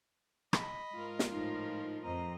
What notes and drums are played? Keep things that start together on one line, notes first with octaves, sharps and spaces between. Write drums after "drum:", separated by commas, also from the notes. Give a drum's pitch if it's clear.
D#5 B5, drum: rim click
G#2 F4 A#4
drum: snare
A2 F3 D#4
F2 C4 D#5 A#5